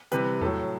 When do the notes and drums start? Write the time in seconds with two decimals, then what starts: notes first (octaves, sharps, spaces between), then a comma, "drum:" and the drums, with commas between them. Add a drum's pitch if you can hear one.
0.12 C3 E3 G3 B4, drum: hi-hat
0.41 A2 F#3 A4, drum: tom E2